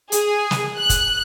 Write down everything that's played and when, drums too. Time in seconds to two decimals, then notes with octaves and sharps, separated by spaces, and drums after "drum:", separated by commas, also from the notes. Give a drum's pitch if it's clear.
0.12 G#4, drum: hi-hat
0.51 drum: snare
0.77 F#6
0.90 drum: kick, hi-hat